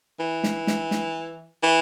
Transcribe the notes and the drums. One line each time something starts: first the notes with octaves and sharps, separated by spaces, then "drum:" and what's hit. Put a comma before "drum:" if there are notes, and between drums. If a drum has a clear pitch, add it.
E3
drum: snare
drum: snare
drum: snare
E3